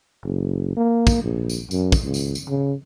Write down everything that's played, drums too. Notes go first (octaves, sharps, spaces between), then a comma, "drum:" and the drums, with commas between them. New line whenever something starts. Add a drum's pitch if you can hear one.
F#1
A#3
drum: kick, tambourine
A#1
drum: tambourine
F#2, drum: tambourine
drum: kick, tambourine
C#2
drum: tambourine
drum: tambourine
C#3